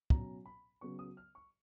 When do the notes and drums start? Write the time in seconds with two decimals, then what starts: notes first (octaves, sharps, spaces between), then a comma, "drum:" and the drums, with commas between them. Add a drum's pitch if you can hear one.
0.10 B2 F#3 C#4 A#5, drum: kick
0.46 B5
0.81 C#3 F#3 B3 C#6
0.99 D#6
1.17 F6
1.35 C#6